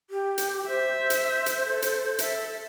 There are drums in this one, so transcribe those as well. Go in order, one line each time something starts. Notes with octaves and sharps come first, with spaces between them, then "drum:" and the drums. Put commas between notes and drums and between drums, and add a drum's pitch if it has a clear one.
G4
drum: hi-hat
C5 E5
drum: hi-hat
drum: hi-hat
A4
drum: hi-hat
A4 E5, drum: hi-hat